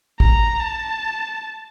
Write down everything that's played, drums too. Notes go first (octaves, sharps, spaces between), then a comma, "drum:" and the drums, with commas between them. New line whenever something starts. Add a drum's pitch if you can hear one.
A#5, drum: kick
A5